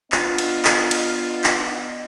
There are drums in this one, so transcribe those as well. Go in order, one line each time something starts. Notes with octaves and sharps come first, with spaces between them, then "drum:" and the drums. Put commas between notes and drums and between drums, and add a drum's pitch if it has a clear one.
B3 D4 F4 D#5, drum: clap
drum: cymbal
drum: clap
drum: cymbal
drum: clap